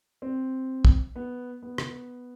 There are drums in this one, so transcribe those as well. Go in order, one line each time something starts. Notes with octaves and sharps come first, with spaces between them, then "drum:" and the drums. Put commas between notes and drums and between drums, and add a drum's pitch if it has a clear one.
C4
drum: kick
B3
B3
drum: rim click